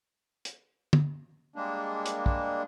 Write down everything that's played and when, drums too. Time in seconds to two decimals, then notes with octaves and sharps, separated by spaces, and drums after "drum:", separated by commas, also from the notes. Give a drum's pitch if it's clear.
0.45 drum: hi-hat
0.93 drum: tom
1.56 G3 G#3 A#3 D4
2.06 drum: hi-hat
2.26 drum: kick